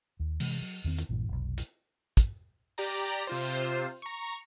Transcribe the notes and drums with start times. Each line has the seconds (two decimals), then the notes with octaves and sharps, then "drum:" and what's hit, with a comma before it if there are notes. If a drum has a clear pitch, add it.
0.20 D#2
0.40 C3 E3 G#3, drum: open hi-hat
0.62 F#3
0.84 E2 D#3 C4
0.99 drum: hi-hat
1.09 A#1 G2 A#2 E3
1.28 F1 B1
1.58 drum: hi-hat
2.17 drum: kick, hi-hat
2.78 G4 D5 A#5, drum: open hi-hat
3.27 C3 F4 C5
4.02 A#5 C#6